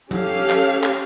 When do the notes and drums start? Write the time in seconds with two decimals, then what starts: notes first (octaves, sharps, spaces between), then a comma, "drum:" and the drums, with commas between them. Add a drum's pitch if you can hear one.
0.11 C#4 G4 A4 F5, drum: tom F#3
0.50 drum: clap
0.84 drum: clap